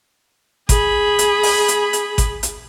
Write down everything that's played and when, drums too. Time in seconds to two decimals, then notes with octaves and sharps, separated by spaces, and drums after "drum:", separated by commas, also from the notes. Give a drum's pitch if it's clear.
0.69 G#4 B5, drum: kick G#1, hi-hat
1.19 drum: hi-hat
1.43 drum: open hi-hat
1.68 drum: hi-hat
1.93 drum: hi-hat
2.18 drum: kick G#1, hi-hat
2.43 drum: hi-hat